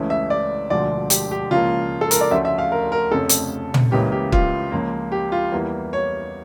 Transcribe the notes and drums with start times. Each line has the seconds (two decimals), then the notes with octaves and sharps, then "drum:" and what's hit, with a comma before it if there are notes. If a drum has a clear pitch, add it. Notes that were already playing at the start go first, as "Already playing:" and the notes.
Already playing: C#2 C#3 E3 A3
0.10 E5
0.30 D5
0.70 E1 D2 D3 F3 D5
1.10 G4, drum: hi-hat
1.31 G4
1.51 C#2 C#3 F3 A#3 F4
2.01 A4
2.11 A#4, drum: hi-hat
2.21 D5
2.31 D2 C#3 F3 A3 E5
2.45 E5
2.58 F5
2.72 A#4
2.92 A#4
3.11 F1 F2 C#3 A4
3.29 drum: hi-hat
3.74 drum: tom
3.91 C#2 C#3 E3 A#3 G4
4.12 G4
4.32 F4, drum: kick
4.71 C#2 C#3 F3 A#3
5.12 G4
5.32 F4
5.52 E2 E3 G3 A#3
5.93 C#5